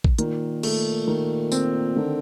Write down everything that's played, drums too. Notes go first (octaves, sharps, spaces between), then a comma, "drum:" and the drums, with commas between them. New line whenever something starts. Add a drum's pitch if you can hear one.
drum: kick
A#2 D#3, drum: hi-hat
A3, drum: cymbal
D#3
C4, drum: tambourine
D3 D#3